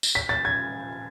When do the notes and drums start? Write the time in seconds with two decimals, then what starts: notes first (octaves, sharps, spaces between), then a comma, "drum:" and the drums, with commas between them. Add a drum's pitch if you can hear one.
0.03 drum: tambourine
0.15 B6
0.29 A6
0.45 G#6